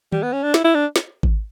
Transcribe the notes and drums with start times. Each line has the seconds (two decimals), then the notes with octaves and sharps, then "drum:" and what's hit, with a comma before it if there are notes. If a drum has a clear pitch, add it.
0.12 G3, drum: tom D#3
0.23 B3
0.33 C#4
0.43 D4
0.54 E4, drum: snare
0.65 E4
0.75 D4
0.96 drum: snare
1.23 drum: kick G#1